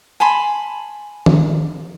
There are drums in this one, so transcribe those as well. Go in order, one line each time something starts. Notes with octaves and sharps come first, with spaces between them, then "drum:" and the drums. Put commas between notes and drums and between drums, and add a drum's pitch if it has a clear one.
G#5 A5 B5 C6
drum: tom D#3